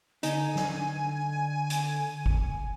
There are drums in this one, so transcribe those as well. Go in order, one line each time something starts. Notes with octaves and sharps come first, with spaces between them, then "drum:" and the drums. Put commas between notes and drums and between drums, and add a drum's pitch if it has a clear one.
D3 D#4 G#5, drum: hi-hat
drum: snare
drum: hi-hat
drum: kick G#1